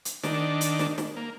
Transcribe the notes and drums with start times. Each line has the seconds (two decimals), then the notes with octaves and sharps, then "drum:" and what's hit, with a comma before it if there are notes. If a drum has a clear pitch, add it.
0.05 drum: hi-hat
0.24 D#3 D4, drum: snare
0.61 drum: hi-hat
0.79 drum: snare
0.98 drum: snare
1.16 A#3